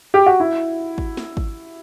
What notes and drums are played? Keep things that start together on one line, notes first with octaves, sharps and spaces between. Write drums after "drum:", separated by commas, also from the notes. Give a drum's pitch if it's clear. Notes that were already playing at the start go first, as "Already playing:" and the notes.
G4
F#4
E4
drum: kick
drum: snare
drum: kick